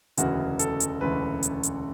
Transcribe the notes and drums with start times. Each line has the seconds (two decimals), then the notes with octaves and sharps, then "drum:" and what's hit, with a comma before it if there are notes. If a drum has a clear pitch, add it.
0.17 E1 D2 C#3 E3 F#4, drum: hi-hat
0.59 A4, drum: hi-hat
0.80 drum: hi-hat
1.01 E1 D2 C#3 E3 B4
1.43 drum: hi-hat
1.63 drum: hi-hat